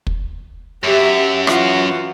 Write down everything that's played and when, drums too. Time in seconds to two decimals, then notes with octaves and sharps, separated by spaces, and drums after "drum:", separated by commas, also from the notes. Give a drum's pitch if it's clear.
0.07 drum: kick
0.83 F#2 G4 E5
1.47 E3 F4 F#4, drum: rim click